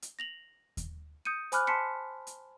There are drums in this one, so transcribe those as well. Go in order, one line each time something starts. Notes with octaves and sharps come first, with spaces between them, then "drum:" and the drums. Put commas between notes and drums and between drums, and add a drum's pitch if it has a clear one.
drum: hi-hat
A#6 F7 F#7
drum: kick D#2, hi-hat
D#6 G6 C#7 D#7
C5 G#5 B5 D6 F6 F#6, drum: hi-hat
A5 C6 B6 C#7
drum: hi-hat